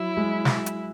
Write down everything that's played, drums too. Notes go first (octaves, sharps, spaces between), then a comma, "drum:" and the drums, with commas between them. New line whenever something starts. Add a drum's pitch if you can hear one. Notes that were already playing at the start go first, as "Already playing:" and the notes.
Already playing: F#3 E4
G#3
drum: snare
drum: hi-hat